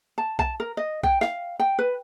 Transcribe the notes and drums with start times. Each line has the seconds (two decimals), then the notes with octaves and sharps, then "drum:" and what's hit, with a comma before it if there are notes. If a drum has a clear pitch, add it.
0.18 A5
0.39 A5, drum: kick B1
0.60 A#4
0.77 D#5
1.03 G5, drum: kick B1
1.21 F5, drum: snare
1.59 G5
1.79 B4